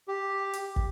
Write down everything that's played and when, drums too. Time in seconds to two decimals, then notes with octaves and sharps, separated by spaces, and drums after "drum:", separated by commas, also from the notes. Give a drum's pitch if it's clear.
0.08 G4
0.53 drum: hi-hat
0.76 drum: kick